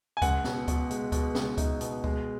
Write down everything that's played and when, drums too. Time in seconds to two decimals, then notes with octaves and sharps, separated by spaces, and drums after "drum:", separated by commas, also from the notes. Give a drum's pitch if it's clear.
0.17 G#5
0.22 C#2 F#5, drum: kick C#2, hi-hat
0.44 B2, drum: snare
0.68 B2, drum: kick C#2, hi-hat
0.91 G#3, drum: hi-hat
1.12 B2, drum: kick C#2, hi-hat
1.35 C#2, drum: snare
1.58 D#4, drum: kick C#2, hi-hat
1.81 B2, drum: hi-hat
2.04 G#3, drum: kick C#2